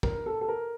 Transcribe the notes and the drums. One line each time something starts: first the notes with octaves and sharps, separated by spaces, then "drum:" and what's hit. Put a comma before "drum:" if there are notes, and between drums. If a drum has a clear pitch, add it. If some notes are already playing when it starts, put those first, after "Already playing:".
A#4, drum: kick
A4
A4
A#4